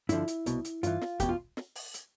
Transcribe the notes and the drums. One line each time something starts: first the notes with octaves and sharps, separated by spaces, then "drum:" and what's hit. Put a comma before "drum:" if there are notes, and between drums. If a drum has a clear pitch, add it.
G2 D3 F3 E4, drum: hi-hat
drum: hi-hat
C2 B2, drum: hi-hat
drum: hi-hat
G2 E3 F4, drum: hi-hat
drum: snare
E2 B2 G4, drum: kick, hi-hat
F4
drum: snare
drum: open hi-hat
drum: hi-hat